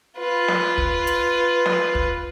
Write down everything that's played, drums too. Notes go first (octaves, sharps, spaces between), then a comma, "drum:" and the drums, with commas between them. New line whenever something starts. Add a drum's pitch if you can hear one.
F4 B4
drum: snare
drum: kick
drum: hi-hat
drum: snare
drum: kick